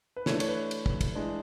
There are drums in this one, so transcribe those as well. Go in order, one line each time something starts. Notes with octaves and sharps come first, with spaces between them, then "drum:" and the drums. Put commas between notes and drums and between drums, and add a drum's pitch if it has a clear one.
B4
E3 A3 D4 C#5, drum: snare
C#5, drum: cymbal
B4
drum: cymbal
drum: kick
drum: kick, cymbal
E3 G#3 D4